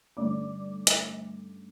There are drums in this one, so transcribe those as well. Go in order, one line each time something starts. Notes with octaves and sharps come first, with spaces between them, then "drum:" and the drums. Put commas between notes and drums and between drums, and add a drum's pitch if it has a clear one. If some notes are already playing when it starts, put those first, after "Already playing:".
G2 D3 A3 C#4 D5 D6
drum: hi-hat